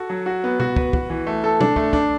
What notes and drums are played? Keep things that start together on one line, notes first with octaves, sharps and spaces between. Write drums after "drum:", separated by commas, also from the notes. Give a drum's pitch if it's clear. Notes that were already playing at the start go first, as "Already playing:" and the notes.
Already playing: F#4 A4
F#3
F#4
B3
F#4, drum: tom B2
B4, drum: kick
F#4, drum: kick
E3
A3
A4
D4, drum: tom
A3, drum: kick
D4, drum: kick